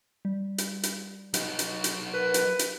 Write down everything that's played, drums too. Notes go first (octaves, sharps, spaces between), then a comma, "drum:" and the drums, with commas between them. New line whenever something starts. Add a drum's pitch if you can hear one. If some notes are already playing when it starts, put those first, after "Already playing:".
G3
drum: hi-hat
drum: hi-hat
F#3 D#4, drum: hi-hat
drum: hi-hat
drum: hi-hat
A#4 B4
drum: hi-hat
drum: hi-hat